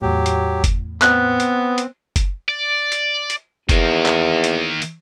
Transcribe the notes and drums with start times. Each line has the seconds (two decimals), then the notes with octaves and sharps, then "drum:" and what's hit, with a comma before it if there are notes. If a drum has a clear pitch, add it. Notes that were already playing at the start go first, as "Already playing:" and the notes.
0.02 E2 A2 F#3 G4
0.26 drum: hi-hat
0.64 drum: kick F#1, hi-hat
1.02 B3 C4 F#6, drum: clap
1.40 drum: hi-hat
1.78 drum: hi-hat
2.16 drum: kick F#1, hi-hat
2.49 D5
2.92 drum: hi-hat
3.30 drum: hi-hat
3.69 E2 D#3 A#3, drum: kick F#1, hi-hat
4.06 drum: clap
4.44 drum: hi-hat
4.82 drum: hi-hat